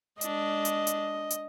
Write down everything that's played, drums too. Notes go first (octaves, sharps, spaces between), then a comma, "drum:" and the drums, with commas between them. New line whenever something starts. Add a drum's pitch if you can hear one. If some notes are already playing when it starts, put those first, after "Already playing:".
G#3 D4 D#5, drum: hi-hat
drum: hi-hat
drum: hi-hat
drum: hi-hat